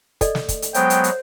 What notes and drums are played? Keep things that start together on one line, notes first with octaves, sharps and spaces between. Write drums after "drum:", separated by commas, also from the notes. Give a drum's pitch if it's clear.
A4 D5 D#5, drum: kick, hi-hat
drum: snare
drum: kick, hi-hat
drum: hi-hat
F#3 G#3 B3 C5 G5, drum: hi-hat
drum: hi-hat
drum: hi-hat